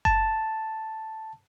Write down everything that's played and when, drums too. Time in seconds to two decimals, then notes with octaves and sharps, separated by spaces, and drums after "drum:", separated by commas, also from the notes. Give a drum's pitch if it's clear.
0.05 A5, drum: kick F#1